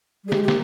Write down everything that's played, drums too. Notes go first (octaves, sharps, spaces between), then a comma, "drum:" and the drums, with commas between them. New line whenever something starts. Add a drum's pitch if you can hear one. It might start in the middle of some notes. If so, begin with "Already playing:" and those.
G3
G#4
G#3 G4, drum: snare
G4
A#3, drum: snare